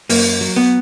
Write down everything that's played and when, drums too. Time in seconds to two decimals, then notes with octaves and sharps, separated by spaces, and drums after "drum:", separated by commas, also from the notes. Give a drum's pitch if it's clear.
0.09 F#2 A#3, drum: open hi-hat
0.41 F#3
0.56 B3